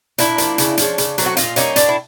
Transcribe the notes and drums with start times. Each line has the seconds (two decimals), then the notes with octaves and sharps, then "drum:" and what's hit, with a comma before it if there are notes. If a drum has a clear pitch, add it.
0.18 A#2 D4 E4, drum: hi-hat
0.38 F3 A#3, drum: hi-hat
0.58 C#3, drum: hi-hat
0.77 F3 G#3 C#4, drum: hi-hat
0.98 C#3, drum: hi-hat
1.18 F#3 A3 C4, drum: hi-hat
1.26 F#4
1.37 A#2 D#4 F4, drum: hi-hat
1.56 G3 A#3 C#4 D#4, drum: hi-hat
1.76 A2 D4, drum: hi-hat
1.89 E4